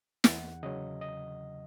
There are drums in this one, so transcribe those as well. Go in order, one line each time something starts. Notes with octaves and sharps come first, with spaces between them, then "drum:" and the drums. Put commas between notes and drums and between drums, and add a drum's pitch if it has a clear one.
E2 F#5, drum: snare
C#3 F#3 D#5
D#5